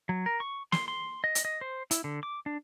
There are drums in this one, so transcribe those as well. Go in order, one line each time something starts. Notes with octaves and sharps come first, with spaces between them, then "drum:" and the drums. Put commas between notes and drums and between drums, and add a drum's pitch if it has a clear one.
F#3
A#4
C#6
C6, drum: snare
C6
D#5
drum: hi-hat
D#5
C5
E4, drum: hi-hat
D3
D6
D4